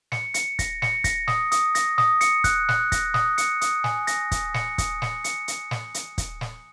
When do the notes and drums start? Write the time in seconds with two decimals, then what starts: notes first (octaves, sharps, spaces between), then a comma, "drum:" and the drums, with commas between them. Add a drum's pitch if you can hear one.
0.12 C#7, drum: snare
0.34 C#7, drum: hi-hat
0.59 A#6, drum: kick, hi-hat
0.82 C#7, drum: snare
1.04 A#6, drum: kick, hi-hat
1.28 D#6, drum: snare
1.52 D#6, drum: hi-hat
1.75 A#6, drum: hi-hat
1.98 D#6, drum: snare
2.21 C#7, drum: hi-hat
2.44 F#6, drum: kick, hi-hat
2.69 F#6, drum: snare
2.92 A#6, drum: kick, hi-hat
3.14 D#6, drum: snare
3.38 C#7, drum: hi-hat
3.61 D#6, drum: hi-hat
3.84 G#5, drum: snare
4.07 A#6, drum: hi-hat
4.31 D#6, drum: kick, hi-hat
4.54 C#7, drum: snare
4.78 D#6, drum: kick, hi-hat
5.02 C#7, drum: snare
5.24 C#7, drum: hi-hat
5.48 drum: hi-hat
5.71 drum: snare
5.94 drum: hi-hat
6.18 drum: kick, hi-hat
6.41 drum: snare